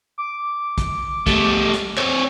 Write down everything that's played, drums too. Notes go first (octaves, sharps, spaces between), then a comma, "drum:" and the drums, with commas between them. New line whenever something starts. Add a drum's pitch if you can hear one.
D6
drum: kick, hi-hat
G3 A3, drum: kick, hi-hat
drum: hi-hat
C4 C#5, drum: clap